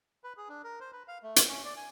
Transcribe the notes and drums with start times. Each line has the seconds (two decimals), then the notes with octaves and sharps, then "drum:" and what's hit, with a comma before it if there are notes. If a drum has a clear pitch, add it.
0.24 B4
0.37 G#4
0.49 D4
0.64 A#4
0.80 C5
0.93 B4
1.08 F5
1.23 A3
1.36 drum: hi-hat
1.48 C#4
1.64 D5
1.77 G#5